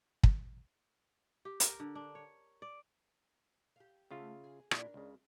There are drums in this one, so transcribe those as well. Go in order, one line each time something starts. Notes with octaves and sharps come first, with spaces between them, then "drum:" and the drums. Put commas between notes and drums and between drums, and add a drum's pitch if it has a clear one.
drum: kick
G4
A#4, drum: hi-hat
D3
D4
C#5
D5
G4 F5
C#3 A3 F4 F#4 E5
G#4
A#2 D4 E4 A4 A#4 D5, drum: rim click
C#2 C#3